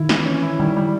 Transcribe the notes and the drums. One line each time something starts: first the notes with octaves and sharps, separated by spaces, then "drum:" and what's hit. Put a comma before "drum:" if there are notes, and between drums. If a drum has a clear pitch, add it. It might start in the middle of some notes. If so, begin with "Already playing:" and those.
Already playing: D#3 E4
E3, drum: snare
C#4
E4
D#3 G3
G3